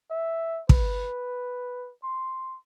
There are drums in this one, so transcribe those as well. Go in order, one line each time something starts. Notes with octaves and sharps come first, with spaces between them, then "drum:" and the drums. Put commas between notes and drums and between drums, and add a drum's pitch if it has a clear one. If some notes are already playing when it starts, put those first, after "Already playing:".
E5
B4, drum: kick
C6